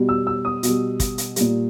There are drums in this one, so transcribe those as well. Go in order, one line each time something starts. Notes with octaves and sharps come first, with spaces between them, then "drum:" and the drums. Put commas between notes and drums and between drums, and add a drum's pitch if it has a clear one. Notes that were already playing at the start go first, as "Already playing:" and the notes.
Already playing: B2 G3
E6
E6
D#6
B2, drum: hi-hat
G3
drum: kick, hi-hat
drum: hi-hat
A#2 G3, drum: hi-hat